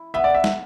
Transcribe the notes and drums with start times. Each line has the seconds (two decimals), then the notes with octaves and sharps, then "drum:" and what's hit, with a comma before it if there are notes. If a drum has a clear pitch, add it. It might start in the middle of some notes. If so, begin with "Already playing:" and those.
Already playing: E4
0.14 B3 E5
0.24 D5
0.35 E5
0.44 drum: snare